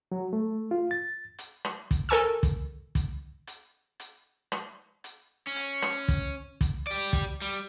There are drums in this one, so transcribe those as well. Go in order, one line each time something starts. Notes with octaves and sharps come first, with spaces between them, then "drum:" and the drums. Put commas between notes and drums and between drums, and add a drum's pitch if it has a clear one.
F#3
A3
F4
A6
drum: hi-hat
drum: rim click
drum: kick, hi-hat
A4 A#4 G#5 C#6 E6
drum: kick, hi-hat
drum: kick, hi-hat
drum: hi-hat
drum: hi-hat
drum: rim click
drum: hi-hat
C#4
drum: hi-hat
drum: rim click
drum: kick, hi-hat
drum: kick, hi-hat
G4 D5
drum: kick, hi-hat
G3